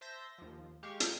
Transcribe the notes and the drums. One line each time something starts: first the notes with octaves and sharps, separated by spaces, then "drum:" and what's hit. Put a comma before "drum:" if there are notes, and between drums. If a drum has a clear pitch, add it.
C5 E5 A5 E6 G6 A#6
D#2 F3
G#3 G4 F5 C#6
drum: hi-hat